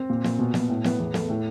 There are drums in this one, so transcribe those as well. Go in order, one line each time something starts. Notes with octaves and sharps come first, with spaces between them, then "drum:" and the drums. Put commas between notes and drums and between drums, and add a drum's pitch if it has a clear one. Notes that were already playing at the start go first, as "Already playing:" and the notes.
Already playing: C4
A#2
A#2, drum: snare
B2
B2, drum: snare
A2
B3, drum: snare
E2
A3, drum: snare
A2